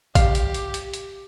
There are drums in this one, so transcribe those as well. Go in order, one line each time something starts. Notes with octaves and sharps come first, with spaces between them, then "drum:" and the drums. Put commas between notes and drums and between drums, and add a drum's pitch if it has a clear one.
G4 F5, drum: kick, hi-hat
drum: hi-hat
drum: hi-hat
drum: hi-hat
drum: hi-hat